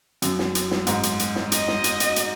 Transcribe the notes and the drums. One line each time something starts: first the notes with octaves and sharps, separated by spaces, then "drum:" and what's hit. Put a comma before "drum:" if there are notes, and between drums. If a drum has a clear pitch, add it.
F#2, drum: hi-hat
drum: snare
drum: hi-hat
drum: snare
G#2, drum: hi-hat
drum: hi-hat
drum: hi-hat
drum: snare
D#5, drum: hi-hat
drum: snare
drum: hi-hat
drum: hi-hat
drum: hi-hat